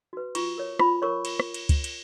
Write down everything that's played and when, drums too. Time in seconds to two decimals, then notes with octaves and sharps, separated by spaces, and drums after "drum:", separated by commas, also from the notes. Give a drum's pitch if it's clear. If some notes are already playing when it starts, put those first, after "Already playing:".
0.13 F#4 B4
0.35 F4 C#6, drum: cymbal
0.58 A#4 C#5
0.79 F4 B5, drum: rim click
1.02 A#4 C#5 C#6
1.25 drum: cymbal
1.40 drum: rim click
1.54 drum: cymbal
1.69 drum: kick, cymbal
1.84 drum: cymbal